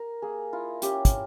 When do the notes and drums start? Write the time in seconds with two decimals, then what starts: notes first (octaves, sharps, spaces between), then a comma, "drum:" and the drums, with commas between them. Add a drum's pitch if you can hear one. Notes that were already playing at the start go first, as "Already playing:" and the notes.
Already playing: A#4
0.22 A#3 G#4
0.53 E4 F4
0.82 C#4 G4, drum: hi-hat
1.05 drum: kick, hi-hat